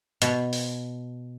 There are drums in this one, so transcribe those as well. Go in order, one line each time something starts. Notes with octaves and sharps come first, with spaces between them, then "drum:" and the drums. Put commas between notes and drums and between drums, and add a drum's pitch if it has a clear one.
B2, drum: hi-hat
drum: open hi-hat